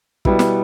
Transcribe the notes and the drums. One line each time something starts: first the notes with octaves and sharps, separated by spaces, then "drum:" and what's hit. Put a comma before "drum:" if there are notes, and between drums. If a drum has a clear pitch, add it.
B2 G3 B3 E4, drum: kick
drum: snare